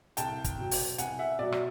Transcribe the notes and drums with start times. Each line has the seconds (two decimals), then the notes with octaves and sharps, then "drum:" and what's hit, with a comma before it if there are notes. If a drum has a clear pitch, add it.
0.17 C2 G5 A5, drum: hi-hat
0.44 drum: kick, hi-hat
0.58 B2 F#3
0.71 drum: open hi-hat
0.98 C2 F#5 G#5, drum: hi-hat
1.19 E5 F#5
1.39 B2 F#3 D5 E5
1.52 drum: rim click